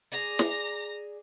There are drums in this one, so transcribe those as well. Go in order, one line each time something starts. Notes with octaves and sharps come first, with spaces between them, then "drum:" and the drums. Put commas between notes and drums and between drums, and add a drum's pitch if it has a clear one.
G#4 D5 A#5 A#6
drum: snare